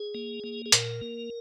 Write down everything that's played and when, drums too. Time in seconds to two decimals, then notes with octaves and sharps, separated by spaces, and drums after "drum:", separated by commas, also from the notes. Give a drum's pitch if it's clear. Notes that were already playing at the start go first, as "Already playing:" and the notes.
Already playing: G#4
0.15 A#3
0.44 A#3
0.66 G#4
0.72 A#2 A#4, drum: hi-hat
1.01 A#3